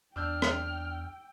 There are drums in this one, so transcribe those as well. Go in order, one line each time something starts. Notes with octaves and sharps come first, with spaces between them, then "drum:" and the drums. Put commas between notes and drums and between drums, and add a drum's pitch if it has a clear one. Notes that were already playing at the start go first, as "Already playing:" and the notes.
E2 D4 G5 E6 F6 G6
drum: rim click